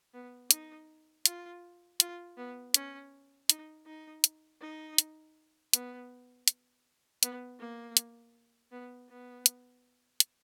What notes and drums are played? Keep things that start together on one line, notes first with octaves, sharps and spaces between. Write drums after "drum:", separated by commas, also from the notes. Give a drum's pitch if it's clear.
B3
D#4, drum: hi-hat
F4, drum: hi-hat
F4, drum: hi-hat
B3
C#4, drum: hi-hat
D#4, drum: hi-hat
D#4
drum: hi-hat
D#4
drum: hi-hat
B3, drum: hi-hat
drum: hi-hat
B3, drum: hi-hat
A#3
drum: hi-hat
B3
B3
drum: hi-hat
drum: hi-hat